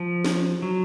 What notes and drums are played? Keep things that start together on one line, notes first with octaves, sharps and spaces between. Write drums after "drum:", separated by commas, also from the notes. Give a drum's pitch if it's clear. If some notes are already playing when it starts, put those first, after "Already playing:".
Already playing: F3
drum: snare C#4
F#3